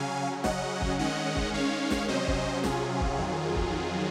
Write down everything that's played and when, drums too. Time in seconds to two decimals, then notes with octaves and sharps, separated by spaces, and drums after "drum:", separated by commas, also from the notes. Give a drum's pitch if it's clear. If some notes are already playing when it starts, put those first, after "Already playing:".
Already playing: C#3 F#3 C#4 F5 G#5
0.44 D#5 F#5, drum: snare
0.81 drum: kick
0.99 D#3 G#3 C#4 D#5 F#5
1.36 drum: kick
1.54 C#5 F5
1.91 drum: snare
2.08 C3 F#3 C#4 C5 D#5
2.27 drum: kick
2.64 F4 G#4, drum: snare
3.00 drum: kick
3.18 F2 D#3 F#3
3.55 drum: kick